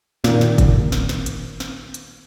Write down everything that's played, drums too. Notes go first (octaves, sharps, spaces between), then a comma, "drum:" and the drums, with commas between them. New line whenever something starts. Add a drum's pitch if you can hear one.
A#2 D#3, drum: snare
drum: snare
drum: kick, hi-hat
drum: snare
drum: snare
drum: hi-hat
drum: snare
drum: hi-hat